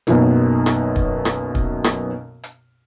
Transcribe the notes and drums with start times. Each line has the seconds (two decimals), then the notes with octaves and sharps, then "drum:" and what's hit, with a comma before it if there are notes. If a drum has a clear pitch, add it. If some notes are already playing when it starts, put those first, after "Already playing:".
0.07 B1 F#2 B2 D#3 A#3, drum: hi-hat
0.66 drum: rim click
0.96 drum: kick
1.25 drum: rim click
1.55 drum: kick
1.84 drum: rim click
2.43 drum: hi-hat